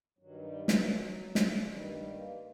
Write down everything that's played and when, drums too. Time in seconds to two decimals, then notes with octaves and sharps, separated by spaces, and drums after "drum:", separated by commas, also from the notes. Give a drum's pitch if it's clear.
0.19 G2 D#3 F#3
0.44 G3
0.68 F#3, drum: snare
1.35 drum: snare
1.67 G2 D#3 G3
1.92 G3
2.16 A#3